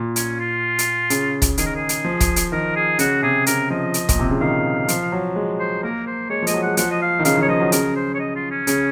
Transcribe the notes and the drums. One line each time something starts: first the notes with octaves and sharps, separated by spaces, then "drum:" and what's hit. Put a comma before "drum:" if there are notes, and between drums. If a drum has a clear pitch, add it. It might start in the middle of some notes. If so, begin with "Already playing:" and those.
Already playing: A#2
C#4, drum: hi-hat
F4
drum: hi-hat
C#3, drum: hi-hat
drum: kick, hi-hat
D#3 G#4, drum: hi-hat
A#4
G#4
drum: hi-hat
F3
drum: kick, hi-hat
drum: hi-hat
D#3 A#4
G#4
C#3 F#4, drum: hi-hat
C3 G#4
C#3 A#4, drum: hi-hat
F3 D#5
drum: hi-hat
A#2, drum: kick, hi-hat
C3
C#3
D#3 F5
F3, drum: hi-hat
F#3
G#3
C5
A#3 A#4
C5
G#3 C#5
F3
G#3 D#5, drum: hi-hat
F#3
G#3 F#5
F3 F#5, drum: hi-hat
D#5
F5
D#3
C#3 F5, drum: hi-hat
D#3
C#5
F3 D#5
F#3
C#3 A#4, drum: hi-hat
C5
C#5
D#5
F4
C#4
C#3, drum: hi-hat